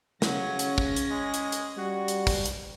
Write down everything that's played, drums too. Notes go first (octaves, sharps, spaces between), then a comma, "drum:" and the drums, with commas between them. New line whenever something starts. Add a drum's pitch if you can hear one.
C#3 F#3 C#4 A#6, drum: snare
drum: hi-hat
drum: kick
drum: hi-hat
G#3
drum: hi-hat
drum: hi-hat
G3 F#4
drum: hi-hat
drum: kick, open hi-hat
drum: hi-hat